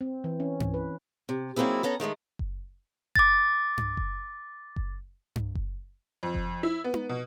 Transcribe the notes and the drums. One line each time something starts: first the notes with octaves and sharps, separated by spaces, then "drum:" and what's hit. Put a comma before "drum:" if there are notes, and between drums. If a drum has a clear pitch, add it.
C4
E3
C#4
E3, drum: tom G2
B4
C3
F#3 A#3 C4 D#4 E4 G#4
B3 C#4 A4 A#5
D#3 G#3 A3 D#5
drum: kick F#1
D6 A6, drum: kick F#1
drum: tom G2
drum: kick F#1
drum: kick F#1
drum: tom G2
drum: kick F#1
F2
drum: kick F#1
E4
B3
drum: tom D#4
B2